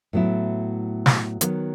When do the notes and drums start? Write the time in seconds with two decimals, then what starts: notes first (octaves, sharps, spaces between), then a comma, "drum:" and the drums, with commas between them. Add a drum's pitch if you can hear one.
0.13 A2 F#3 B3 E4
1.06 drum: snare
1.41 D#3 F#3 B3, drum: hi-hat